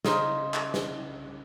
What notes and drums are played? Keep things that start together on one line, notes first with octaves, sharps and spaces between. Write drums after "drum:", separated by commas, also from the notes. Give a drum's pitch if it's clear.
C#3 D#4 C5 D#5, drum: snare
drum: clap
drum: snare